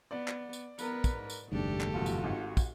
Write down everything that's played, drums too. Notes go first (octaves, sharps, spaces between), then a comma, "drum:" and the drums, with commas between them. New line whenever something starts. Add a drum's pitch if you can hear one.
B3 D5
drum: clap
drum: tambourine
B3 A#4 B4, drum: tambourine
drum: kick, tambourine
G#2
drum: tambourine
F#1 D#2 G#2 A3 D4 G4 A4
drum: clap
F1 A#1 F4 F#4
drum: tambourine
G#1
drum: kick, tambourine